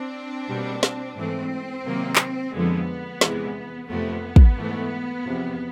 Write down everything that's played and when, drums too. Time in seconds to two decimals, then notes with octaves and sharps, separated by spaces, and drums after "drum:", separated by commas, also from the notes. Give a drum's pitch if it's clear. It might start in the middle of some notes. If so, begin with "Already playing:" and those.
Already playing: C4 D4
0.49 B2 G3 A#3
0.83 drum: snare
1.17 G#2 E3 A3 C4
1.85 C3 D#3 F#3 A#3
2.16 drum: clap
2.52 F2 D3 F3 G#3 B3
3.21 E2 C3 E3 G#3, drum: snare
3.89 F2 C3 F3 A3 B3
4.36 drum: kick
4.57 G#2 E3 A3
5.24 E2 C3 F3